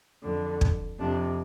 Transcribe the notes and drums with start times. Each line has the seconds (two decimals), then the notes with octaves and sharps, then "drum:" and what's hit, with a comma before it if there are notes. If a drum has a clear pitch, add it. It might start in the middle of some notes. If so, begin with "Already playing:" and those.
0.23 F2 D3
0.61 drum: kick
1.00 F2 C3 D4